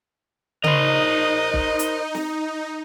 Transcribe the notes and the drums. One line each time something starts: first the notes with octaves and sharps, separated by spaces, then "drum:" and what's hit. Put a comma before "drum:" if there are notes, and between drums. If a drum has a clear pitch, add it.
D#4 A#4 C5 D#5, drum: tom C#3
drum: kick
drum: hi-hat
drum: snare